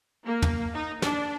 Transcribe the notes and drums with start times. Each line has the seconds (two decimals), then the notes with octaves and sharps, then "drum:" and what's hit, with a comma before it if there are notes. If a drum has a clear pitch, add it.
0.25 A#3
0.42 drum: tom
0.74 D#4
1.02 D4, drum: snare